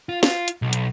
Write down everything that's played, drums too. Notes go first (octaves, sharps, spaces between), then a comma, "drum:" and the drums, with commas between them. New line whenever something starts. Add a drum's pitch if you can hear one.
F4
F4, drum: snare
drum: hi-hat
B1
drum: hi-hat